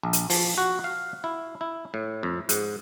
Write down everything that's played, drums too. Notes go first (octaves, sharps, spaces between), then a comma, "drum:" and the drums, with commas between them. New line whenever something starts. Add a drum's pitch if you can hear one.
A#1
drum: hi-hat
F3, drum: open hi-hat
F#4
F5
E4
E4
A2
F2
G#2, drum: hi-hat